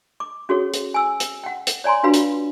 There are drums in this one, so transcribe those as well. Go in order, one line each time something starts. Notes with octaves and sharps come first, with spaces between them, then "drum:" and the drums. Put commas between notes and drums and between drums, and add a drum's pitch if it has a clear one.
D6
C#4 F#4 G#4 A4 C#5
drum: hi-hat
G#5 E6
drum: hi-hat
F#5 G5
drum: hi-hat
C#5 D5 G#5 A#5 C6
D4 F4 F#4 B4 F5 B5
drum: hi-hat